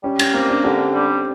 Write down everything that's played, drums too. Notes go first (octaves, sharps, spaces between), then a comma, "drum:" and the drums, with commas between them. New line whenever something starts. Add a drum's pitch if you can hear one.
G3 C#4
C#4, drum: cymbal
A#3 C4
D4
D3 G4
G3